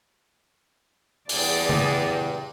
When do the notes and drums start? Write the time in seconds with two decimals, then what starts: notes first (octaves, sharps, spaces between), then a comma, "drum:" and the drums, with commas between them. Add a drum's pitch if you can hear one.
1.29 E2 G2 G#4 D5, drum: open hi-hat
1.69 drum: tom C#3